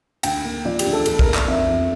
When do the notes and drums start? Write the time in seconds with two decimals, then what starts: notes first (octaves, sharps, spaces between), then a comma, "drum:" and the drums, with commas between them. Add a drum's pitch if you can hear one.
0.23 D2 G5, drum: cymbal
0.44 A#3
0.65 F3 D5
0.79 G4, drum: cymbal
0.86 D2
0.93 A4
1.06 E2 A4, drum: cymbal
1.19 A#4, drum: kick
1.27 E2
1.34 D5, drum: clap
1.47 F2 E5
1.68 F2